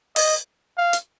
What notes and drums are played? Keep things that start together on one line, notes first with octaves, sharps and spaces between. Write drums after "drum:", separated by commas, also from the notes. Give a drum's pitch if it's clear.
D#5, drum: open hi-hat
F5
drum: hi-hat